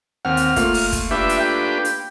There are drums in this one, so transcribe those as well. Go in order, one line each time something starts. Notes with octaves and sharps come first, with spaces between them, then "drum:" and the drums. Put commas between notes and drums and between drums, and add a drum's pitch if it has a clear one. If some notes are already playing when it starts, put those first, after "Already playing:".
D#2 C4 F#5 F6
drum: hi-hat
A3 A#3 F4, drum: kick, hi-hat
drum: open hi-hat
drum: kick, hi-hat
D4 G4 B4 E5
drum: hi-hat
G5
drum: hi-hat